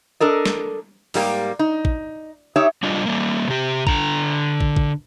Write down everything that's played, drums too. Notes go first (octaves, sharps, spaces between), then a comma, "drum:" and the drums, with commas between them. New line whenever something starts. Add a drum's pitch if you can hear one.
D4 A4 A#4 D#5
drum: snare
G#2 G3 A#3 G4, drum: open hi-hat
D#4
drum: kick
D#4 G4 C#5 E5
G3 D4 F4 D#5
G3 A#3
C3 G4
D3 A#5, drum: kick
drum: kick
drum: kick